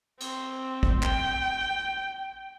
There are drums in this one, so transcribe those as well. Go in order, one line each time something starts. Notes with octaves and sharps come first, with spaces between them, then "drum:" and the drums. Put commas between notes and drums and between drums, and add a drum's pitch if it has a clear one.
C4, drum: cymbal
drum: kick
G5, drum: clap